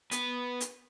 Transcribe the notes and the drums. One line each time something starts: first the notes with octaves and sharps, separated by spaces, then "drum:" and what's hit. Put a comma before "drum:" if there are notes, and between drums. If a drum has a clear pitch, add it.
B3 B4, drum: hi-hat
drum: hi-hat